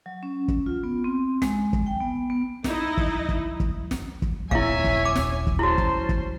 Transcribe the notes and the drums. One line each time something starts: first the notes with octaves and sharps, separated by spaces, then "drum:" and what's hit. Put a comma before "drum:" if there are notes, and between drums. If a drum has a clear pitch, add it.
F#3
C#4
drum: kick
F4
B3
C4
G#3, drum: snare
drum: kick
G5
B3
B3
D#4 E4 D#5, drum: snare
drum: kick
drum: kick
drum: kick
drum: snare
drum: kick
D#1 C4 E4 C#5 E5 F5 G#5, drum: kick
drum: kick
D6
drum: snare
drum: kick
C#4 E4 F#4 C5 A5
drum: kick
drum: kick